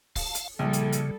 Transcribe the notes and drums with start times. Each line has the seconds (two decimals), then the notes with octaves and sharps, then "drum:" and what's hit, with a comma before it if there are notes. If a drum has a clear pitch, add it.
0.16 F5 A5, drum: kick D1, open hi-hat
0.35 drum: hi-hat
0.59 A#1 C#3 G3 A4
0.73 drum: hi-hat
0.93 drum: hi-hat